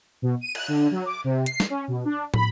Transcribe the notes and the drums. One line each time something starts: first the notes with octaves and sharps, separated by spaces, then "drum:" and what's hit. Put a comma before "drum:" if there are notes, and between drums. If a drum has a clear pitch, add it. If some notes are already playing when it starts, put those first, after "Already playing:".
B2
D#7
F#6, drum: cymbal
D3
F#3
D6
C3
C7, drum: hi-hat
drum: snare
C#4
B2
D4
B5, drum: tom